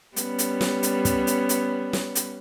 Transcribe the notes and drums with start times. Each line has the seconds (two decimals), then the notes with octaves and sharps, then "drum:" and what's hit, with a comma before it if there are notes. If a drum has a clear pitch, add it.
0.16 G3 B3 C#4, drum: hi-hat
0.39 drum: hi-hat
0.61 drum: snare
0.83 drum: hi-hat
1.05 drum: kick, hi-hat
1.27 drum: hi-hat
1.49 drum: hi-hat
1.93 drum: snare
2.15 drum: hi-hat